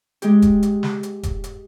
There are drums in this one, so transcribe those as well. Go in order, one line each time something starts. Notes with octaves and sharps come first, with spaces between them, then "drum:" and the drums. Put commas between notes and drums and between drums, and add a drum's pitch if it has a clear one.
G#3 G4, drum: hi-hat
drum: kick E1, hi-hat
drum: hi-hat
drum: snare
drum: hi-hat
drum: kick E1, hi-hat
drum: hi-hat